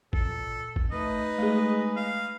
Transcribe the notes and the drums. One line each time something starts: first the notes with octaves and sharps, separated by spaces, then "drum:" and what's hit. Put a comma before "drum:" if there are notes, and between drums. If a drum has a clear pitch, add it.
A#2 A4, drum: kick G#1
drum: kick G#1
A3 D#4 B4 D#5
G#3 A3 G#4
F5